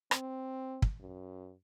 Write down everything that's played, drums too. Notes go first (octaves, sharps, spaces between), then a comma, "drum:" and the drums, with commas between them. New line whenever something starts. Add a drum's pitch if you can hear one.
C4, drum: rim click
drum: kick
F#2